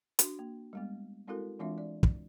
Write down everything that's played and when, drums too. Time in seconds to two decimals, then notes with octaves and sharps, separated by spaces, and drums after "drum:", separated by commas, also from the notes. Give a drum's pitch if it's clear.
0.19 D4 F#4, drum: hi-hat
0.39 A#3
0.73 G3 G#3 B3
1.28 G#3 C4 E4 F#4 A4 A#4
1.59 E3 G#3 C4 D4 F4 E5
1.78 D5
2.03 drum: kick